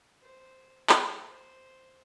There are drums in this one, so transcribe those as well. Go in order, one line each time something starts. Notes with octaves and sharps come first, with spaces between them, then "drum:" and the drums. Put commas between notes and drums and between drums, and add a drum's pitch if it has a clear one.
C5
C5, drum: clap
C5